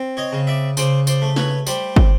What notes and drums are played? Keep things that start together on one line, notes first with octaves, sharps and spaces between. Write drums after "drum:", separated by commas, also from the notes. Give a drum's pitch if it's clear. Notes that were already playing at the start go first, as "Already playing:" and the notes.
Already playing: C4
C#5 D#5
C#3
D5 E5
C#3 C5 D5, drum: tambourine
C5 D5, drum: tambourine
A3
B4 C#5, drum: snare
G3 C5 D5, drum: tambourine
drum: kick